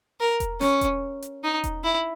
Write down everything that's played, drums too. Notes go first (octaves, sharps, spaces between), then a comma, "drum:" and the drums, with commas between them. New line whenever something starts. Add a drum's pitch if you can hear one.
A#4
drum: kick E1, hi-hat
C#4, drum: snare
drum: kick E1, hi-hat
drum: hi-hat
D#4
drum: kick E1, hi-hat
E4